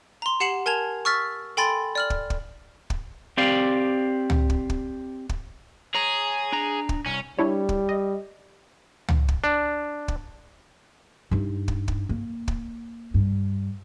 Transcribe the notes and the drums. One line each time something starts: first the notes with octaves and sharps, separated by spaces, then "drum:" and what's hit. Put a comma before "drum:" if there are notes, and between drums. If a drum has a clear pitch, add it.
A#5 C6
G4 F#5 C7 C#7 E7 F#7
A#4 G#5 A5 G#6 F7
C#6 E6 F6 A6 B6
A4 G5 G#5 B5 C6 A6
D5 F6 F#7
drum: kick
drum: kick
drum: kick
C4 G4 D5 F5
drum: tom
drum: kick
drum: kick
drum: kick
G#4 C#5 A#5
D4 A#5
drum: kick
C2 C#4
G3 D4 E4 C#5
drum: kick
D#5
drum: tom
drum: kick
D4
drum: kick
G2 D#4
drum: kick
drum: kick
A#3
drum: kick
G2